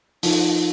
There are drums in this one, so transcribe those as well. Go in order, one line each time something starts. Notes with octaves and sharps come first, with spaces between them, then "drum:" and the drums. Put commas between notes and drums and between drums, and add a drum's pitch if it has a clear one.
F3 D#4, drum: open hi-hat